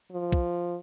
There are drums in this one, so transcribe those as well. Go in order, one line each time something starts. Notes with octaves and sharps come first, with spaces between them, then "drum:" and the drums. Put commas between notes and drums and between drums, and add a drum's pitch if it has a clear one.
F3
drum: kick